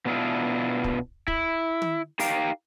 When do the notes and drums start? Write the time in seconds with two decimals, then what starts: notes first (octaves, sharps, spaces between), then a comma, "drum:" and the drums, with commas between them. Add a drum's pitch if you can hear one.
0.05 B2 B3 C#4 D4 E4 F4
0.84 drum: kick
1.28 E4, drum: kick
1.82 drum: tom
2.19 D#4 G4 A#4 F5 G5, drum: open hi-hat